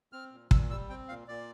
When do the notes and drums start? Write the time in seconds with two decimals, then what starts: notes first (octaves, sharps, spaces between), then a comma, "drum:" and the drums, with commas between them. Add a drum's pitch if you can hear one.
0.13 C4 F6
0.32 A#2
0.51 A#2 E6, drum: kick
0.70 G3 E6
0.89 C4 G5
1.09 A#2 F5
1.28 A#2 D5